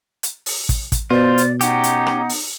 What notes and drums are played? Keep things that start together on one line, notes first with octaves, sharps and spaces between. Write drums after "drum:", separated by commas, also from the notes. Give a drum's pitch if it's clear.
drum: hi-hat
drum: open hi-hat
drum: kick, hi-hat
drum: kick, hi-hat
B2 F4 C5 D5
drum: hi-hat
C#4 D#4 G4 F#5, drum: hi-hat
drum: hi-hat
drum: rim click
drum: open hi-hat